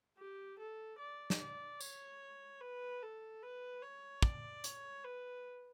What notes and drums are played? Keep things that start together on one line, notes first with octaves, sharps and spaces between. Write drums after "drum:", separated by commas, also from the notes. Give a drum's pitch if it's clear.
G4
A4
D5
drum: snare
D5
C#5, drum: tambourine
B4
A4
B4
C#5
D5, drum: kick
C#5, drum: hi-hat
B4